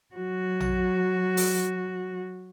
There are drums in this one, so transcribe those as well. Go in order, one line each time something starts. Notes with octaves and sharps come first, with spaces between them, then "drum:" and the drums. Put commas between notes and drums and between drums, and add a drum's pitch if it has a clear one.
F#3 F#4
drum: tom A#1
drum: open hi-hat